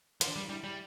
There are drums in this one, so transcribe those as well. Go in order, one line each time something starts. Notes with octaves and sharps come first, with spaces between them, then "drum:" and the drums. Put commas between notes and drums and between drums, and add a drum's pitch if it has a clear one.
F3 D4, drum: hi-hat
G3
G3 E4
G3